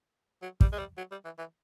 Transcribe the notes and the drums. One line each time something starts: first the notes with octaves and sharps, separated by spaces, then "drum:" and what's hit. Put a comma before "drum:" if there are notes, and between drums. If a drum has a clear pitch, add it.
F#3
G3, drum: kick
G#3
G3
F#3
G3
E3
E3